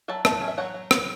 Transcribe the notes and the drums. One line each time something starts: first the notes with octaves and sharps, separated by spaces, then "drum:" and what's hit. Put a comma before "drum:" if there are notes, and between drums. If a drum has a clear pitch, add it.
F#3 E5 A5
A3 E5 A5, drum: rim click
C#4
E5
F#3 C#5 F#5
F#3
B3, drum: rim click